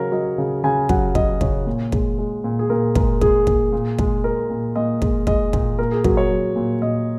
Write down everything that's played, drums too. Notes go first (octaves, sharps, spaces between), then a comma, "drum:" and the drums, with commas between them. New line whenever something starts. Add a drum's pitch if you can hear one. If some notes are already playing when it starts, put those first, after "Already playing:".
Already playing: C#3 F#3 A#4 C#5
F#3 D#5
C#3
C#3 G#5
F#3 F#5, drum: kick
F#3 D#5, drum: kick
C#3 C#5, drum: kick
A#2
G#3, drum: kick
G#3
A#2
G#4
A#2 A#4
G#3 A#4, drum: kick
G#3 G#4, drum: kick
A#2, drum: kick
A#2
G#3, drum: kick
G#3 A#4
A#2
A#2 D#5
G#3, drum: kick
G#3 D#5, drum: kick
A#2, drum: kick
A#2 A#4
G#4
F#3 A#4, drum: kick
C#5
F#3
A#2
A#2 D#5